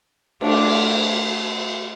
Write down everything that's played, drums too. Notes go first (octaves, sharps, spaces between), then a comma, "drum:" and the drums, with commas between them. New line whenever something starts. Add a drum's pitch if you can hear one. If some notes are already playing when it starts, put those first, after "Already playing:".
A3 D4, drum: cymbal